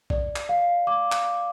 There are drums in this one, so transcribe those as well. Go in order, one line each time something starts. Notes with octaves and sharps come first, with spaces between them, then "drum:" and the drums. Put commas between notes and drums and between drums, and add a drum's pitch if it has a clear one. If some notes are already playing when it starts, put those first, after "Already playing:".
D5, drum: kick B1
drum: clap
F5
D6
drum: clap